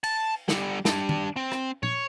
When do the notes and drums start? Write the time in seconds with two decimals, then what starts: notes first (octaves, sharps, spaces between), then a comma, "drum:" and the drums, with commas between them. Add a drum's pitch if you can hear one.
0.04 A5, drum: cymbal
0.48 D3 G3, drum: snare
0.85 G3 D4, drum: snare
1.09 drum: tom D#3
1.36 C4
1.52 drum: rim click
1.83 C#5, drum: tom A#2